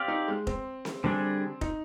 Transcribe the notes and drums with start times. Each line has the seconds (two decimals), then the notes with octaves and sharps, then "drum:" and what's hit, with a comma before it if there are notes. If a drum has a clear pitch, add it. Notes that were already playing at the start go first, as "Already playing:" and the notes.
Already playing: C4 G4 D5 F5
0.08 D#4
0.28 G#3
0.47 C4, drum: kick F1
0.85 drum: snare C4
1.04 D3 G3 C4 D4 G#4
1.61 D#4, drum: kick F1